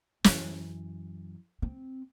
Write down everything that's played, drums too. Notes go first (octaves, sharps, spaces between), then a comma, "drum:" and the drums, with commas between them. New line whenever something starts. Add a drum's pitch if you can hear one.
F#2 E3, drum: snare
C4